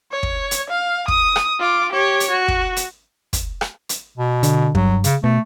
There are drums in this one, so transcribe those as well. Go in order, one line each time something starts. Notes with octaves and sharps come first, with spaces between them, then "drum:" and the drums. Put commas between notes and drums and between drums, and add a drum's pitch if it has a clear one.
C#5
drum: kick
drum: hi-hat
F5
D#6, drum: kick
drum: rim click
F4 D6
G4 C#5
drum: hi-hat
F#4
drum: kick
drum: hi-hat
drum: kick, hi-hat
drum: rim click
drum: hi-hat
B2
D3, drum: hi-hat
G2 F#3, drum: kick
C#3, drum: hi-hat
B2 A3